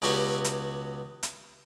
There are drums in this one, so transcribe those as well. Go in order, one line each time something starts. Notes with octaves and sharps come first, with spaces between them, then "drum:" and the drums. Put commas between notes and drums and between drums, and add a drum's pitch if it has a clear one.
C#2 B2 C#4 F#4 G4, drum: open hi-hat
drum: hi-hat
drum: hi-hat